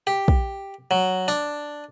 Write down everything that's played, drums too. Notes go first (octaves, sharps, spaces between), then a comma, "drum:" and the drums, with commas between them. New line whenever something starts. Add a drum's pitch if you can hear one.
G4
drum: kick
F#3
D4, drum: tambourine